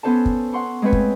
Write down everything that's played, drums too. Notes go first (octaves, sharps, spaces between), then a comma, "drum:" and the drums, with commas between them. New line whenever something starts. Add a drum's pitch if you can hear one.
B3 C#4 A4 C5 C#5 A5
drum: kick
F#5 C6 C#6
G#3 A3 C4 B4 C#5
drum: kick